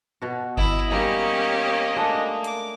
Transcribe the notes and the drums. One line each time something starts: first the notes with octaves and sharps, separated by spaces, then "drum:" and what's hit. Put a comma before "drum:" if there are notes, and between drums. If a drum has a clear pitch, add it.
B2 F#4
E4 D#5, drum: kick G1
G3 A#3 C#4 D#4 G4 G#4 C#5
G#3 A3 D4
D6, drum: hi-hat